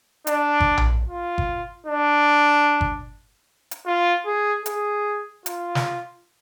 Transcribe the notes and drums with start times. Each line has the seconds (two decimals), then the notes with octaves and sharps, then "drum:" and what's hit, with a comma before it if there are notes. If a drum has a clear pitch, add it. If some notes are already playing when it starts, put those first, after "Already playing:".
0.27 D4, drum: hi-hat
0.60 drum: kick G1
0.77 drum: tom A#1
1.06 F4
1.38 drum: kick G1
1.87 D4
2.81 drum: kick G1
3.71 drum: hi-hat
3.86 F4
4.26 G#4
4.66 G#4, drum: hi-hat
5.46 F4, drum: hi-hat
5.75 drum: snare